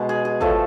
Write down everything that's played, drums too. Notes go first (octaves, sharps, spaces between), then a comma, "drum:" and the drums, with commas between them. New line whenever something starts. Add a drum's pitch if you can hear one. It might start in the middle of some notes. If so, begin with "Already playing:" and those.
Already playing: B2 G#3
G#4
G#4
A2 F3 A3 A4, drum: kick